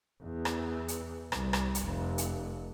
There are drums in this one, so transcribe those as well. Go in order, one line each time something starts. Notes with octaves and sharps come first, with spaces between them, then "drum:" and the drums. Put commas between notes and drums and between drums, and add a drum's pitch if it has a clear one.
E2
drum: rim click
drum: hi-hat
C2, drum: rim click
drum: rim click
drum: hi-hat
F1
drum: hi-hat